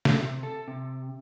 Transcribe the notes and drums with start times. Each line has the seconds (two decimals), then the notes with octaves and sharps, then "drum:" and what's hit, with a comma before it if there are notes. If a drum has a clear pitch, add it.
0.05 drum: snare
0.17 C3
0.43 A4
0.68 C3